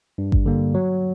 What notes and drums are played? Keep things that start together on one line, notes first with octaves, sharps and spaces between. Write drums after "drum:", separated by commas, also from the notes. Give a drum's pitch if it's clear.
G2
drum: kick G#1
D3 G3 A#3
F#3